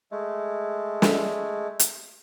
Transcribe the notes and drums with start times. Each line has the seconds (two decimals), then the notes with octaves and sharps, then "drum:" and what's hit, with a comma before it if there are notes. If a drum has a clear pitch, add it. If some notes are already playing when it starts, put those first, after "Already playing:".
0.12 G#3 A3
1.02 drum: snare
1.79 drum: hi-hat